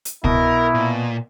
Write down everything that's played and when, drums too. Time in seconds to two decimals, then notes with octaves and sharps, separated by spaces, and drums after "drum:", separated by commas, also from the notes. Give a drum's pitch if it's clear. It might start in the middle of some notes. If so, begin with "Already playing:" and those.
0.05 drum: hi-hat
0.24 B2 E4 A#4, drum: kick C2
0.75 A#2